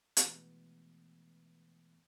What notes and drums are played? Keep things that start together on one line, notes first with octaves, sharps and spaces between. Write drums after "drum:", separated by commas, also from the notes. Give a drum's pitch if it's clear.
B2 E3 F3 G#3 A3 B3, drum: hi-hat